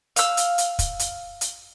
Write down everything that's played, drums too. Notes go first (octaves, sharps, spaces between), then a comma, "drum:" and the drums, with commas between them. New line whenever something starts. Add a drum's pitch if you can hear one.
F5 E6, drum: hi-hat
drum: hi-hat
drum: hi-hat
drum: kick, hi-hat
drum: hi-hat
drum: hi-hat